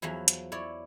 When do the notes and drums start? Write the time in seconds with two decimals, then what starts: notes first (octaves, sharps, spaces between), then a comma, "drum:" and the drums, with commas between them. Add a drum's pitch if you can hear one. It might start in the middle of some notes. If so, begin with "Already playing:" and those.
0.02 E2 F3 F#3 E4
0.28 drum: hi-hat
0.52 E4 C#5 D5